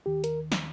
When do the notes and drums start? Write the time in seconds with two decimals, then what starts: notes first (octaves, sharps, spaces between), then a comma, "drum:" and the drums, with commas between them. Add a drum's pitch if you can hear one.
0.06 D#2 D#3 G4
0.24 A#4, drum: hi-hat
0.52 drum: snare